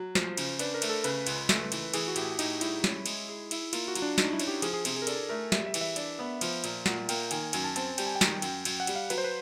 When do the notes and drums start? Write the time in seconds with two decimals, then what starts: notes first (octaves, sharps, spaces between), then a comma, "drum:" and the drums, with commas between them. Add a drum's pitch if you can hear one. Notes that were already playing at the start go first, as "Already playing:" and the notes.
Already playing: F#3
0.15 F3 C5, drum: snare
0.37 C#3, drum: cymbal
0.59 D4 B4, drum: cymbal
0.74 A#4
0.82 A3, drum: cymbal
0.89 A4
1.04 C#3 B4, drum: cymbal
1.26 C#2, drum: cymbal
1.49 A3, drum: snare
1.72 E3, drum: cymbal
1.93 E3 G#4, drum: cymbal
2.08 F#4
2.16 A2 G4, drum: cymbal
2.39 A2 D#4, drum: cymbal
2.61 G3 E4, drum: cymbal
2.84 C#4, drum: snare
3.06 G#3, drum: cymbal
3.28 G#4
3.51 E4, drum: cymbal
3.73 A#3 F4, drum: cymbal
3.88 F#4
3.96 F#3, drum: cymbal
4.02 D4
4.18 F#3 D#4, drum: snare
4.33 E4
4.39 C#4, drum: cymbal
4.48 G4
4.62 F3 G#4, drum: cymbal
4.73 G#4
4.85 C3 G#4, drum: cymbal
4.96 G#4
5.02 A#4
5.07 D4 A4, drum: cymbal
5.29 A3 A#4
5.52 G3 E5, drum: snare
5.66 E5
5.74 E3, drum: cymbal
5.81 E5
5.96 D4, drum: cymbal
6.19 B3
6.41 F3, drum: cymbal
6.64 A#2, drum: cymbal
6.86 A#2 F#5, drum: snare
7.09 A#3 G5, drum: cymbal
7.31 D#3 G#5, drum: cymbal
7.43 G#5
7.53 F#2 G#5, drum: cymbal
7.64 A5
7.76 C4 A5, drum: cymbal
7.98 G3 G5, drum: cymbal
8.07 G#5
8.15 G5
8.21 D#3, drum: snare
8.42 F#2, drum: cymbal
8.65 F#2, drum: cymbal
8.80 F#5
8.87 G3, drum: cymbal
8.95 F5
9.10 F#3 B4, drum: cymbal
9.18 C5
9.24 B4